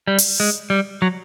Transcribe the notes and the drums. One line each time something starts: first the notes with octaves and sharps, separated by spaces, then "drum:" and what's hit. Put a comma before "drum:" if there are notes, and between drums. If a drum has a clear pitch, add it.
G3
drum: open hi-hat
G#3
G3
F#3